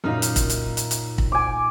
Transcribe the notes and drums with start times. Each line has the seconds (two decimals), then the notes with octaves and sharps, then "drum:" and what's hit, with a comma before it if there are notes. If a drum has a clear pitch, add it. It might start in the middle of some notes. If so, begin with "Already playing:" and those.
0.04 F#2 A#2 D#3 D#4 F6
0.22 drum: hi-hat
0.36 drum: kick, hi-hat
0.50 drum: hi-hat
0.77 drum: hi-hat
0.91 drum: hi-hat
1.18 drum: kick
1.32 G#5 D6